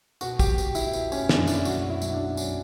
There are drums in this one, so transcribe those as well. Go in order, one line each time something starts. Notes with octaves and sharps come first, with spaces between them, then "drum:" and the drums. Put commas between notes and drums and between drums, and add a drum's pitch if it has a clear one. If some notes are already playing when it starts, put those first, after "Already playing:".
B2 F#4, drum: tambourine
G4, drum: kick, tambourine
B2, drum: tambourine
E4, drum: tambourine
B2, drum: tambourine
C#4, drum: tambourine
F#1 D4, drum: snare
E4, drum: tambourine
B1 F#4, drum: tambourine
E4
B1, drum: tambourine
D4
F#3 C#4, drum: tambourine